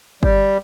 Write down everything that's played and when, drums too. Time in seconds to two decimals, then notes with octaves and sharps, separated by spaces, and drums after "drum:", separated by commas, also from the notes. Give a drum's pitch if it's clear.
0.23 G3, drum: kick G1